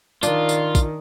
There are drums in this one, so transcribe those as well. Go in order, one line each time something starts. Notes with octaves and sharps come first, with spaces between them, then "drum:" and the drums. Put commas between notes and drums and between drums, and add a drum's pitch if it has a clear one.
D#3 D4 F4, drum: tambourine
drum: tambourine
drum: kick, tambourine